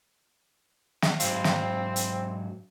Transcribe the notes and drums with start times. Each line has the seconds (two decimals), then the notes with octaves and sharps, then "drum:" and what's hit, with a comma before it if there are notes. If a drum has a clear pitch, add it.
1.02 drum: snare
1.20 G#2 F#3 C4 F5, drum: hi-hat
1.44 drum: snare
1.96 drum: hi-hat